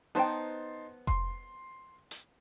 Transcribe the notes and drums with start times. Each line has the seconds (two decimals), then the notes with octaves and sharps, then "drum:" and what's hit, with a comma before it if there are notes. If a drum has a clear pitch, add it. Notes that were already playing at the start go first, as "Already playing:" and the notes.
0.15 B3 D#4 C5 G5 A5 C6
1.07 C6, drum: kick F1
2.11 drum: hi-hat